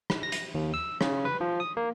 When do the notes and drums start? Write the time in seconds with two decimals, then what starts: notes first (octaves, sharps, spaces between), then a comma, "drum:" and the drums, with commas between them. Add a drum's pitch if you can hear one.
0.10 drum: rim click
0.23 A#6
0.32 drum: hi-hat
0.54 D#2
0.74 E6
1.01 C#3, drum: rim click
1.25 B4
1.41 F3
1.60 D#6
1.77 A#3